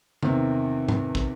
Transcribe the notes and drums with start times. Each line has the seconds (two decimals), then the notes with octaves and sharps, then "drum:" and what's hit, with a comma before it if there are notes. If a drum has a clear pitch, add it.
0.23 E2 C3 D#3, drum: tom
0.89 drum: tom G#2
1.15 drum: kick